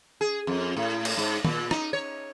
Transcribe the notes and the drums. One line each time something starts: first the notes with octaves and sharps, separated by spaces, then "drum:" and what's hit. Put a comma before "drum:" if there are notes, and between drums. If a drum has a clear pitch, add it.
G#4
F2
A2
drum: cymbal
G#2
A#2, drum: tom
D#4, drum: rim click
C#5